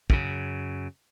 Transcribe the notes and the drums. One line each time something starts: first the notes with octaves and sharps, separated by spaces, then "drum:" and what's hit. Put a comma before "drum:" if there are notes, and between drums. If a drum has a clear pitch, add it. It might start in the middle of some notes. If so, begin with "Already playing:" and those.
F#2 C#3, drum: kick